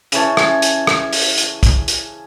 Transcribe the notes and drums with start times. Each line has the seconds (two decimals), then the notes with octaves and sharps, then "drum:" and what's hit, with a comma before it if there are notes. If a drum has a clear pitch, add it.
0.12 C#3 E3 C#5 A5, drum: hi-hat
0.37 drum: rim click
0.62 drum: hi-hat
0.87 drum: rim click
1.13 drum: open hi-hat
1.38 drum: hi-hat
1.63 drum: kick, hi-hat
1.88 drum: hi-hat